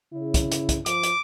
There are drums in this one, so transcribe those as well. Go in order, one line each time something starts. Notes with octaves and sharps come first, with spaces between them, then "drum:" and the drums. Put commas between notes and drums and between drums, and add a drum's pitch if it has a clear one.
C#3 E4
drum: kick, hi-hat
drum: hi-hat
drum: kick, hi-hat
F3 D6, drum: hi-hat
drum: hi-hat